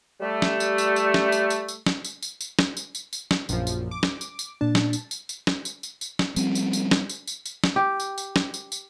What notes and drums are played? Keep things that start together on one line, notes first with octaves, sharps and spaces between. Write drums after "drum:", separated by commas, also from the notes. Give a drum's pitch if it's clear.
G3 A3
drum: snare
drum: tambourine
drum: tambourine
drum: tambourine
drum: snare
drum: tambourine
drum: tambourine
drum: tambourine
drum: snare
drum: tambourine
drum: tambourine
drum: tambourine
drum: snare
drum: tambourine
drum: tambourine
drum: tambourine
drum: snare
A#1 F#2 F3, drum: tambourine
drum: tambourine
D6
drum: snare
drum: tambourine
drum: tambourine
A#2 D4 A5
drum: snare
drum: tambourine
drum: tambourine
drum: tambourine
drum: snare
drum: tambourine
drum: tambourine
drum: tambourine
drum: snare
F3 G3 C4 C#4, drum: tambourine
drum: tambourine
drum: tambourine
drum: snare
drum: tambourine
drum: tambourine
drum: tambourine
drum: snare
G4
drum: tambourine
drum: tambourine
drum: snare
drum: tambourine
drum: tambourine